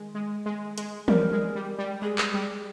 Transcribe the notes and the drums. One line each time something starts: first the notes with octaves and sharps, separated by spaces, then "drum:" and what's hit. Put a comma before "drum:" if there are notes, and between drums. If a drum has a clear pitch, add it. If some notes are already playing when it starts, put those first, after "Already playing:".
Already playing: D#3 G#3
G#3
G#3
G#3, drum: hi-hat
G3 A#4, drum: tom E3
G#3
G3
G3
G#3 G#4
drum: clap
G3